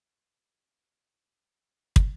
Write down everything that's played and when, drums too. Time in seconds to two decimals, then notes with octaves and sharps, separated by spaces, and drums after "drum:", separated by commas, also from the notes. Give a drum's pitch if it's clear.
0.20 F#3 F#4
1.96 drum: kick